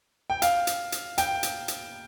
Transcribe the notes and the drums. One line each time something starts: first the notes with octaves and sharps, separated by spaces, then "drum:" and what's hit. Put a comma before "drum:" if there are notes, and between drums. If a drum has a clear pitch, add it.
G5
F5, drum: hi-hat
drum: hi-hat
drum: hi-hat
G5, drum: hi-hat
drum: hi-hat
drum: hi-hat